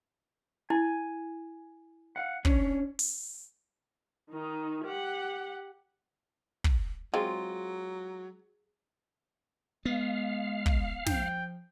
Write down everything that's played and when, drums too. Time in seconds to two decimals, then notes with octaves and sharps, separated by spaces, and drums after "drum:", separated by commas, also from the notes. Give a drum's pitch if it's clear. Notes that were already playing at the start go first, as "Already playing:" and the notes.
0.70 E4 G#5
2.16 F5 F#5
2.45 C#4 D4 C#5, drum: kick
2.99 drum: open hi-hat
4.30 D#3 D#4
4.84 G4 F#5
6.64 drum: kick
7.14 F#3 G#3 C4 F4 G#4
9.85 G#3 B3 F5
10.66 drum: kick
11.07 F3 G5, drum: snare